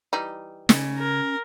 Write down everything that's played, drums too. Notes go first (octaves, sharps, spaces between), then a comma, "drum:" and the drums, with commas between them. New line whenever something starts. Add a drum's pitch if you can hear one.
E3 G3 D#4
C#3 C#4, drum: snare
A#4